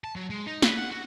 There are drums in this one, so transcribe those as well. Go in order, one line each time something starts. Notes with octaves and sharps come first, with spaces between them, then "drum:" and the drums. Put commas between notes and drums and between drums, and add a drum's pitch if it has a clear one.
A5
F#3
G#3
D#4
B4, drum: snare
F#5
F#4